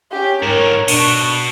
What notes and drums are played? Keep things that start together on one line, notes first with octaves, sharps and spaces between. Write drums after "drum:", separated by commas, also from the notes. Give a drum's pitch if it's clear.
C#4 G4
G#2 D3 A#4 C#5
B2 D4 C#6, drum: cymbal